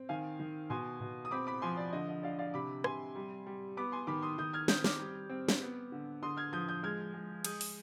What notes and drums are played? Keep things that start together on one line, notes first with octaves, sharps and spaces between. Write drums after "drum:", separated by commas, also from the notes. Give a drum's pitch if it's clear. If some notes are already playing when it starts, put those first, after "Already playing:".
Already playing: C4
D#3 F5 G#5
D#3
B2 G#5 C6
B2
D#6
C4 B5 D6
B5 D6
F3 G#5 C6
D5
D3 D#5
D#5
D3 D5 F5
D5 F5
C3 B5 D6
C3 G#5 C6, drum: rim click
G3
G3
B3 B5 D6
G#5 C6
D#3 B5 D6
C6 D#6
D#3 D#6 G6
F6 G#6
C4 D#6 G6, drum: snare
D6 F6, drum: snare
G3
C4
drum: snare
B3
D3
D3 C6 D#6
F6 G#6
F3 D#6 G6
D#6 G6
G#3 F6 G#6
G#3
G#3 D#6 G6, drum: cymbal
drum: open hi-hat